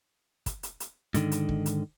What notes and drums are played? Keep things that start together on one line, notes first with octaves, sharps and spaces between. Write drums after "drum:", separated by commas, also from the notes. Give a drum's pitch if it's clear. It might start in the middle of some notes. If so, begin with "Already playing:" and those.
drum: kick, hi-hat
drum: hi-hat
drum: hi-hat
G#2 D3 D#3, drum: hi-hat
drum: hi-hat
drum: kick
drum: hi-hat